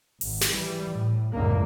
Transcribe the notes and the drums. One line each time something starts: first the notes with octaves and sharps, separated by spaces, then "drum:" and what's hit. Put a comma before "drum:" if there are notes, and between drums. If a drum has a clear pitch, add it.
G#1, drum: open hi-hat
drum: snare
E3 G3
A2
F#1 C#2 F#2 A2 D3 A#3